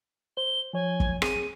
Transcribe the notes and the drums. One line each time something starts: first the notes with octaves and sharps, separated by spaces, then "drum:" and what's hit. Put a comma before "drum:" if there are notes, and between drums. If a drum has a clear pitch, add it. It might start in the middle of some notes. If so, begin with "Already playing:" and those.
C5 G7
F3 C#5 G#5
drum: kick
C4 G#4 D#7, drum: rim click